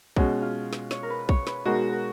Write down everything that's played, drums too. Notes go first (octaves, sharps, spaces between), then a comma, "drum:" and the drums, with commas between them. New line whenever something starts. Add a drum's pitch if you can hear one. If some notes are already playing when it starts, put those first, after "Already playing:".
B2 G#3 C#4 F#4, drum: kick
F4
drum: snare
C#5, drum: snare
A#4
B4
C#5, drum: kick
B4, drum: snare
B2 G#3 D#4 F#4 A#4
A#4